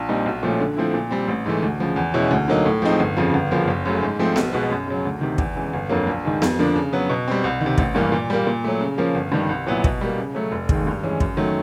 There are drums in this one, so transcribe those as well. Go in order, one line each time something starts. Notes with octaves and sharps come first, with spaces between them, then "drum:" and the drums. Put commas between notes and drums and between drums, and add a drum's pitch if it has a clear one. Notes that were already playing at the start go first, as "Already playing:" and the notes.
Already playing: A#1
A#2 G3 C4 D#4
B1
A#2 F3 A3 C#4
D3
F3 A3 C4 E4
A#2
G3 C4
A1
G#2 E3 A3
D2
C#3 F3
E2
B2 G#3 C#4 E4
D2
D3 F#3 A#3 D#4
A2
F3 G#3 C4 D#4
G1
F2 C#3 F3
G1
F#2 C#3 F3 A#3
F#1
F#2 C#3 F#3 A3
G#2
F3 A3 C4
B1, drum: snare B3
B2 G#3 B3
F#2
C#3 F#3
D2
C3 D#3
E2, drum: kick
C#3 E3 G#3
G1
F2 D3 F#3 A#3
A#1
G#2 D#3
F2, drum: snare B3
D3 F3 A#3 D4
C#3
F#3 B3
B2
G3 C4
C2
D#3
C3
A1, drum: kick
G2 E3 G3 A#3
A#2
G3 A#3
A#2
F#3 A3
C#3
F3 A#3 C#4
G1
G2 D#3 G3
C2
A#2 F#3 B3 E4
B2, drum: kick
G3 A#3
C#3
F#3 A3 C#4
F1
D#2 D#3 G#3, drum: kick
G2
E3 G#3 C#4
F#2, drum: kick
D#3 F#3 A3